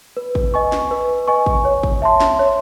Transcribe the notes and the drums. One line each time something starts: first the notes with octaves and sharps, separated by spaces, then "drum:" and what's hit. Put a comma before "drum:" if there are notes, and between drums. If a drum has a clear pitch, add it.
B4
drum: kick
D#5 G#5 C#6
drum: snare
B4
D#5 G#5 C#6
drum: kick
C#5
drum: kick
E5 A5 C6
drum: snare
C#5